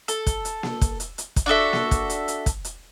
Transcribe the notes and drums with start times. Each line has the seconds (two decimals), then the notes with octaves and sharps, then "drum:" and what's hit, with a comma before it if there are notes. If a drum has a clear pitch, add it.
0.08 A4, drum: hi-hat
0.26 drum: kick, hi-hat
0.45 drum: hi-hat
0.63 drum: snare A#3
0.81 drum: kick, hi-hat
1.00 drum: hi-hat
1.18 drum: hi-hat
1.36 drum: kick, hi-hat
1.46 D4 F#4 A4 E5
1.73 drum: snare A#3
1.91 drum: kick, hi-hat
2.10 drum: hi-hat
2.28 drum: hi-hat
2.46 drum: kick, hi-hat
2.65 drum: hi-hat